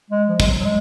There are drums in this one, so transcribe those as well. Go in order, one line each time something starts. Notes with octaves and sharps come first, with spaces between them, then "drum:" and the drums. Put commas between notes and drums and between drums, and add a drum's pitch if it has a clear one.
G#3
F3
G#3, drum: kick
F#3
F#3
G#3